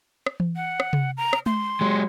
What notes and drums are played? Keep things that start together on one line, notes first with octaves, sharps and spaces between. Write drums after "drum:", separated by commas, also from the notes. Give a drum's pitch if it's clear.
drum: rim click
drum: tom E3
F#5
drum: rim click
drum: tom C3
A#5
drum: rim click
C6, drum: tom G#3
F#3 G#3